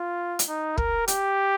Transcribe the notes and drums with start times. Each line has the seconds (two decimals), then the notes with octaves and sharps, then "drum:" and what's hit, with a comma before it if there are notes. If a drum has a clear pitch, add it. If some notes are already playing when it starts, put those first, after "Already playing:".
Already playing: F4
0.39 drum: hi-hat
0.48 D#4
0.78 A#4, drum: kick
1.08 G4, drum: hi-hat